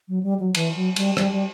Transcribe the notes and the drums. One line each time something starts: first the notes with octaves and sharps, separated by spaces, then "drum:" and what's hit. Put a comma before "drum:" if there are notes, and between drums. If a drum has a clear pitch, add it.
F#3
G3
F#3
E3, drum: cymbal
F#3
G3, drum: cymbal
G3, drum: rim click
G3